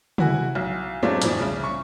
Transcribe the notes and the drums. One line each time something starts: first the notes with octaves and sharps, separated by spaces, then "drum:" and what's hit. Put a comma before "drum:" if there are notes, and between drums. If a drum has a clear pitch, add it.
E4 F#4 G#5, drum: tom
B1
F#3 G#3 A3 C4 D4 F4
F2 B2 E3 F3, drum: hi-hat
C2 C#3
C#6